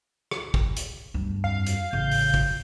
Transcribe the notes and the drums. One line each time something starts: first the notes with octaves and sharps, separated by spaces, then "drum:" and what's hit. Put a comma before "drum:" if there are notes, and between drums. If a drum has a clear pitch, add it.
drum: rim click
drum: kick
drum: hi-hat
D2 G2
F2 F5
drum: hi-hat
A1 C#3 G6
drum: open hi-hat
drum: kick